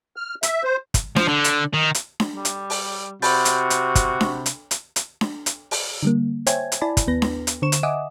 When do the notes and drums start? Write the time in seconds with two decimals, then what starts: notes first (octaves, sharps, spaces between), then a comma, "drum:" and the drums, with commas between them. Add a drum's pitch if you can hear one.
0.16 F6
0.43 E5, drum: hi-hat
0.63 C5
0.94 drum: kick, hi-hat
1.16 F3, drum: snare D4
1.28 D3
1.44 drum: hi-hat
1.74 D#3
1.95 drum: hi-hat
2.20 drum: snare D4
2.34 G3
2.45 drum: hi-hat
2.70 drum: open hi-hat
3.22 C3 F#4 B5 G6 A6, drum: open hi-hat
3.45 drum: hi-hat
3.70 drum: hi-hat
3.95 drum: kick, hi-hat
4.21 drum: snare D4
4.46 drum: hi-hat
4.71 drum: hi-hat
4.96 drum: hi-hat
5.21 drum: snare D4
5.46 drum: hi-hat
5.71 drum: open hi-hat
6.03 D3 G3 A#3
6.47 C5 C#5 E5 G5 G#5 G#6, drum: hi-hat
6.72 drum: hi-hat
6.82 E4 D5 G#5 A5 B5
6.97 drum: kick, hi-hat
7.07 D#2 B3 B4 A#6
7.22 drum: snare D4
7.47 drum: hi-hat
7.62 D3 C5 C#6 E7
7.72 drum: hi-hat
7.83 D#5 E5 F#5 G#5 D6 D#6